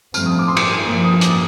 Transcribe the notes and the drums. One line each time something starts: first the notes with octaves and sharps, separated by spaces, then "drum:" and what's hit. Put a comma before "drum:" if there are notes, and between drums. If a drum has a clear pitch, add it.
G2 F3 A3 C4 F6, drum: tambourine
D#6
D6
C6
D6, drum: cymbal
G2 F3 A#3 D#6
D#6
D6, drum: hi-hat